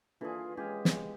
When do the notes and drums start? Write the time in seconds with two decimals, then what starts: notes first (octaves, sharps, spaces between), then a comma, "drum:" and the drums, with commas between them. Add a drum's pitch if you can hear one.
0.21 E3 A#3 D4 F4 G#4 A4
0.57 G#3 C#4 F4 G4 C#5 F5 G#5
0.85 drum: snare